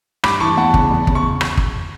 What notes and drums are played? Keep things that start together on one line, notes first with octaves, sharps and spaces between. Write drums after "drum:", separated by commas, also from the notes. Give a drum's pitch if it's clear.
G2 B5 D6, drum: rim click
E3 A5 C#6
E2 F#5 A5
C#3, drum: kick
E2
C#3, drum: kick
C#6
drum: rim click
drum: kick